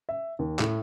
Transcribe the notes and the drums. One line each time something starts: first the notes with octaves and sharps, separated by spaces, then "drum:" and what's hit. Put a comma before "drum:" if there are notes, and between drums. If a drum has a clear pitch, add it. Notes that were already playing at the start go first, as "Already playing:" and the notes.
E5
D#2
A2, drum: clap